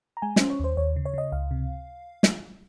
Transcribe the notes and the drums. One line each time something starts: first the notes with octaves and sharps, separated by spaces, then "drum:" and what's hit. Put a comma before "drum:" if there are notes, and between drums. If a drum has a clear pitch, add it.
A#5
G#3 G#5
C#4 C5, drum: snare
C#5
D#2 C5
D#2 C#5
C#3
C#5
C#3 D#5
C#2 F5
C3
drum: snare